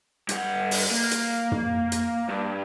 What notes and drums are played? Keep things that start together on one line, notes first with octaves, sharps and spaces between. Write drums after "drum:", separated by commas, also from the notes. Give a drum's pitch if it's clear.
G2 F#5, drum: hi-hat
drum: open hi-hat
A#3
drum: hi-hat
drum: tom
drum: hi-hat
G2